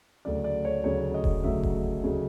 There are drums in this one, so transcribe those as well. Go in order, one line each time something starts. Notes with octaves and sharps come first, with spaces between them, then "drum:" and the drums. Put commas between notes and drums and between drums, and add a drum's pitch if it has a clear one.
D2 C#3 F#3 D5
D5
C#5
D2 C#3 F#3 C#5
D#5
drum: kick E1
D2 C#3 F#3 E5
drum: kick E1
D2 C#3 F#3